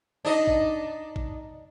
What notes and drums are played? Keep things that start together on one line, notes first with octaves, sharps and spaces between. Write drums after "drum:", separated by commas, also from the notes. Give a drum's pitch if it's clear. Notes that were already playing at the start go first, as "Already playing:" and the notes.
D4 D#4 D#5
drum: kick A1
drum: kick A1